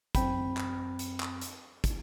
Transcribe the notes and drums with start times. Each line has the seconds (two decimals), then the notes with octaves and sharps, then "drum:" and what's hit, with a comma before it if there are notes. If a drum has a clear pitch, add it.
0.15 F#2 C4 G5 B5, drum: kick, hi-hat
0.57 drum: clap
0.99 drum: hi-hat
1.20 drum: clap
1.41 drum: hi-hat
1.84 drum: kick, hi-hat